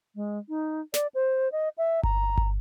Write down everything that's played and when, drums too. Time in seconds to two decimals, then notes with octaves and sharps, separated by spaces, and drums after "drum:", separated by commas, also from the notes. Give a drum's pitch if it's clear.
0.15 G#3
0.49 D#4
0.94 D5, drum: snare
1.14 C5
1.52 D#5
1.78 E5
2.03 A#5, drum: kick G1
2.38 drum: kick G1